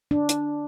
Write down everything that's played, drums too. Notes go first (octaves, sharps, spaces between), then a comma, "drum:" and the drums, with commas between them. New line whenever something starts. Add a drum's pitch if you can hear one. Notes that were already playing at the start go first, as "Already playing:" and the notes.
D4
drum: hi-hat